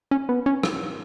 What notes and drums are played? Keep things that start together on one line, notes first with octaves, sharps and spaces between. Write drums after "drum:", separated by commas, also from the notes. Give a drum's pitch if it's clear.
C#4
B3
C#4
drum: rim click